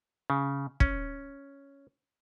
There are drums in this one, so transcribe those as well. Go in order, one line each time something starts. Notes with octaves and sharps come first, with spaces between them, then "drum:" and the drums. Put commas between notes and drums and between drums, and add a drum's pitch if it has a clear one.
C#3
C#4, drum: kick